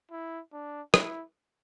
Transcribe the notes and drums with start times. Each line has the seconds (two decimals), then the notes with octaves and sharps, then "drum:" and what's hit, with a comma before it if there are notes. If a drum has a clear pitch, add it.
0.11 E4
0.52 D4
0.94 E4, drum: rim click